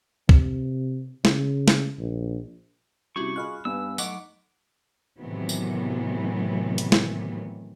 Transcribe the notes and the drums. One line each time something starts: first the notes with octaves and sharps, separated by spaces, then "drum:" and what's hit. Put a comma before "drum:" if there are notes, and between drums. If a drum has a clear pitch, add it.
C3, drum: kick
C#3, drum: snare
drum: snare
A#1
C3 G3 C#4 E4 F#4 C#6
F4 G#4 D#5 B5 F6 F#6
G2 B3 G#5 E6
F#3 A3 D#4 F#5 D6 D7, drum: tambourine
A2 C3 D#3 E3 F#3 B3
drum: tambourine
drum: hi-hat
drum: snare